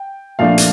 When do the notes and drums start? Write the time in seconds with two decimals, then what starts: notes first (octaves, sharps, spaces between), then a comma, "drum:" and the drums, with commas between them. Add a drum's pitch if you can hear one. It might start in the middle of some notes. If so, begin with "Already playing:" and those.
Already playing: G5
0.39 A#2 F3 A3 D4 F4 F5
0.58 drum: hi-hat